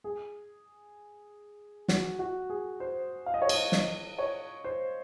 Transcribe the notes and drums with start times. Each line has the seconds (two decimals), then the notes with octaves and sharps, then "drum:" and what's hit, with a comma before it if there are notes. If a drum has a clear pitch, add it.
0.04 G#4
1.88 F#4, drum: snare
2.19 F#4
2.50 G#4
2.80 C5
3.26 F5
3.34 D#5
3.42 C#5
3.49 D#5, drum: cymbal
3.72 D#5, drum: snare
4.19 C#5
4.64 C5